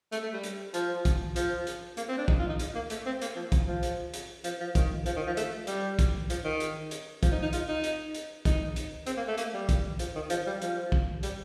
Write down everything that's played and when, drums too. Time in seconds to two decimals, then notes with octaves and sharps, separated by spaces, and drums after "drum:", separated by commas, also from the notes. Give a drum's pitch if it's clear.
0.12 A3, drum: hi-hat
0.23 A3
0.33 G3
0.44 drum: hi-hat
0.74 F3, drum: hi-hat
1.05 drum: kick, hi-hat
1.36 F3, drum: hi-hat
1.67 drum: hi-hat
1.97 A#3, drum: hi-hat
2.09 C4
2.18 D4
2.28 D#4, drum: kick
2.39 F4
2.49 D#4
2.59 drum: hi-hat
2.75 A#3
2.90 A3, drum: hi-hat
3.06 C4
3.22 A#3, drum: hi-hat
3.36 F3
3.52 drum: kick, hi-hat
3.67 F3
3.83 drum: hi-hat
4.14 drum: hi-hat
4.44 F3, drum: hi-hat
4.60 F3
4.75 D#3, drum: kick, hi-hat
5.06 F3, drum: hi-hat
5.16 D#3
5.27 F3
5.37 A3, drum: hi-hat
5.67 G3, drum: hi-hat
5.99 drum: kick, hi-hat
6.30 F3, drum: hi-hat
6.45 D#3
6.60 drum: hi-hat
6.91 drum: hi-hat
7.23 F3, drum: kick, hi-hat
7.32 D#4
7.42 D#4
7.53 F4, drum: hi-hat
7.68 D#4
7.84 drum: hi-hat
8.15 drum: hi-hat
8.45 D#4, drum: kick, hi-hat
8.76 drum: hi-hat
9.06 C4, drum: hi-hat
9.17 A#3
9.28 A3
9.38 A#3, drum: hi-hat
9.54 G3
9.69 drum: kick, hi-hat
9.99 F3, drum: hi-hat
10.15 D#3
10.30 F3, drum: hi-hat
10.46 G3
10.62 F3, drum: hi-hat
10.92 drum: kick
11.23 G3, drum: hi-hat